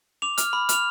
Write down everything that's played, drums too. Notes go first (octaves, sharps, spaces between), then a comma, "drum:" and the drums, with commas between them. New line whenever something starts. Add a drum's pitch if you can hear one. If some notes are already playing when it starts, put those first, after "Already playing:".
D6 F7
F6, drum: hi-hat
B5
F6 F7, drum: hi-hat